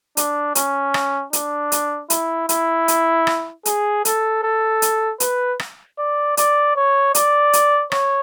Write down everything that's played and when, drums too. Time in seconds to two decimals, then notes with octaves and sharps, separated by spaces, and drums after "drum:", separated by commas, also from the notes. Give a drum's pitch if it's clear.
0.17 D4, drum: hi-hat
0.55 C#4, drum: hi-hat
0.94 drum: rim click
1.33 D4, drum: hi-hat
1.72 drum: hi-hat
2.10 E4, drum: hi-hat
2.49 E4, drum: hi-hat
2.88 drum: hi-hat
3.27 drum: rim click
3.65 G#4, drum: hi-hat
4.05 A4, drum: hi-hat
4.43 A4
4.82 drum: hi-hat
5.20 B4, drum: hi-hat
5.59 drum: rim click
5.98 D5
6.37 D5, drum: hi-hat
6.76 C#5
7.15 D5, drum: hi-hat
7.53 drum: hi-hat
7.92 C#5, drum: rim click